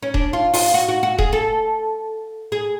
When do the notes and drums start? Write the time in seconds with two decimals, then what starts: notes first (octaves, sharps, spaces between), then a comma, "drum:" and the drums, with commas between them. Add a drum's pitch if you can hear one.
0.03 C#4
0.14 D4, drum: kick D#1
0.33 F4
0.54 F4, drum: open hi-hat
0.74 F#4
0.88 F#4
1.03 F#4
1.18 G#4, drum: kick D#1
1.33 A4
2.52 G#4